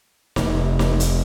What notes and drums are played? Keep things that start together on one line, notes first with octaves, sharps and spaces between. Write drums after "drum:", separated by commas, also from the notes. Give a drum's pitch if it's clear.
F1, drum: snare
drum: snare
drum: hi-hat